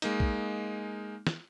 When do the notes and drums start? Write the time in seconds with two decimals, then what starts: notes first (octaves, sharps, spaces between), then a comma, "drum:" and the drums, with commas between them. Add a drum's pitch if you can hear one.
0.02 G#3 A#3 D#4, drum: hi-hat
0.20 drum: kick A#1
1.27 drum: snare